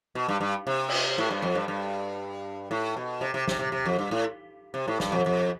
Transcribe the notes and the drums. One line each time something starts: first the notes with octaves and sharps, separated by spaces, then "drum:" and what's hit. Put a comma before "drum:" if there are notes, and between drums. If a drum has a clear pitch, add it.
B2
G2
G2
C3
drum: cymbal
A2
G2
F2
G2
G2
A2
B2
C3
C3
C3, drum: snare
C3
C3
F2
G2
A2
C3
A2
G2, drum: snare
F2
F2